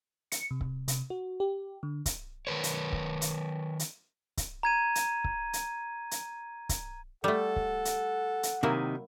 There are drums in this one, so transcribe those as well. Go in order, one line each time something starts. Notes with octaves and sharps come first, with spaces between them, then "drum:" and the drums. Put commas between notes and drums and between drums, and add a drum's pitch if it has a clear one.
C#7, drum: hi-hat
C3
drum: kick C#1
C3, drum: hi-hat
F#4
G4
D3
drum: kick C#1, hi-hat
D#3 A#4 B4 C#5
drum: hi-hat
drum: kick C#1
drum: hi-hat
drum: hi-hat
drum: kick C#1, hi-hat
A#5 G#6 D#7
drum: hi-hat
drum: kick C#1
drum: hi-hat
drum: hi-hat
drum: kick C#1, hi-hat
G3 A3 A4 F#5
drum: kick C#1
drum: hi-hat
drum: hi-hat
C3 D#3 F#3 A#3 E4